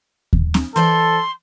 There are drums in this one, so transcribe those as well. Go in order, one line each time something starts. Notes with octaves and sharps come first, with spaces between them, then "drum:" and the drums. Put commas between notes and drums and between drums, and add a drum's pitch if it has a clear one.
drum: kick D#2
drum: snare C4
E3 A4 C5 D5 C6